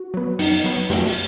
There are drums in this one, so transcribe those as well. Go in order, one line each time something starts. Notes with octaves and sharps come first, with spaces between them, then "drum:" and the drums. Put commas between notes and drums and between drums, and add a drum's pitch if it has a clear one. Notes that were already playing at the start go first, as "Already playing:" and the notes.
Already playing: F#4
F#3 B3
F#2 D#4, drum: open hi-hat
F#3 B3
F#2 F#4, drum: snare
drum: open hi-hat